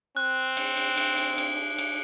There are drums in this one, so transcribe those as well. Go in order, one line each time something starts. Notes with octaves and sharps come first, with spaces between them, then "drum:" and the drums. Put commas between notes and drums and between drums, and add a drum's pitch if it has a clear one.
C4 F#6
drum: cymbal
drum: cymbal
drum: cymbal
drum: cymbal
drum: cymbal
drum: cymbal